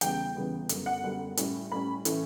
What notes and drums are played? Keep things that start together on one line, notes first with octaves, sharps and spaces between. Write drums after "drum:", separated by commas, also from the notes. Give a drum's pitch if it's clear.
E2 C#3 G3 B3 G5, drum: hi-hat
E2 C#3 G3 B3
F#2 D3 G3 B3, drum: hi-hat
F#5
F#2 D3 G3 B3
A2 G3 C#4, drum: hi-hat
A2 G3 C#4 B5
A2 E3 A3 C#4, drum: hi-hat